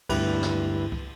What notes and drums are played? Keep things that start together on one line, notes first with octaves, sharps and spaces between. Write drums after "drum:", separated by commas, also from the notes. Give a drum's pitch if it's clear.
G1 D2 G2 E4 G4 B4, drum: kick C#2, cymbal
drum: snare
drum: kick C#2